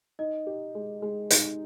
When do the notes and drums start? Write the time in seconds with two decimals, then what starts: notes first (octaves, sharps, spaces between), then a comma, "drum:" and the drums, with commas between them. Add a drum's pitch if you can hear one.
0.19 D#4 D#5
0.47 G4
0.75 G#3
1.02 G#3
1.30 D#4, drum: hi-hat